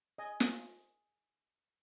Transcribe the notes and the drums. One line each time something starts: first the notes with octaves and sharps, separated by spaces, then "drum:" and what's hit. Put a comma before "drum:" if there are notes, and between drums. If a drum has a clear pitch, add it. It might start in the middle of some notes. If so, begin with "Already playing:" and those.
D#5 G#5
drum: snare